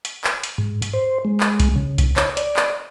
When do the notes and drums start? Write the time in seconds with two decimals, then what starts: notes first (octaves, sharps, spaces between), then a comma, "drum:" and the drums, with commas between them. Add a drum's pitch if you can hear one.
0.05 drum: hi-hat
0.24 drum: clap
0.44 drum: hi-hat
0.58 G#2
0.82 drum: hi-hat
0.93 C5
1.25 G#3
1.40 drum: clap
1.60 drum: kick C2, hi-hat
1.76 C#3
1.98 drum: kick C2, hi-hat
2.16 C#5, drum: clap
2.37 D5, drum: hi-hat
2.56 drum: clap